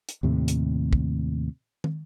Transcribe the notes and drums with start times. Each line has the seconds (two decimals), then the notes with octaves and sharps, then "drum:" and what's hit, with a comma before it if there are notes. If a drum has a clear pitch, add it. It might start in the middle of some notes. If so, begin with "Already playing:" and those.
0.09 drum: hi-hat
0.23 D#2 A2 C3
0.48 drum: hi-hat
0.93 drum: kick
1.84 drum: tom